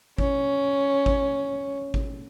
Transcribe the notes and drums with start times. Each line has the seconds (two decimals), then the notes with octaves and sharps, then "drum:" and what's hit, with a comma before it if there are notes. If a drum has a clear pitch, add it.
0.18 C#4, drum: kick G#1
1.06 drum: kick G#1
1.94 drum: kick G#1